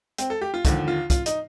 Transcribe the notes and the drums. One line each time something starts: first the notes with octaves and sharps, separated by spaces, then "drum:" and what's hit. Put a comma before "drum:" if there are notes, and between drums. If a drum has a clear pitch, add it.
C4, drum: hi-hat
A4
G4
F4
D#2 D3 F3, drum: kick, hi-hat
F4
F4, drum: kick, hi-hat
D#4, drum: hi-hat